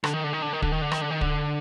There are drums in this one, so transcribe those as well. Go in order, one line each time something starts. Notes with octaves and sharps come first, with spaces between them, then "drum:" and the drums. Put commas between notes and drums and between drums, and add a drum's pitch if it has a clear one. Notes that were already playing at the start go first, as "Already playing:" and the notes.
D3, drum: rim click
D#3
D3
D#3
D3
D#3
D3, drum: kick
D#3
D3
D#3, drum: rim click
D3
D#3
D3, drum: kick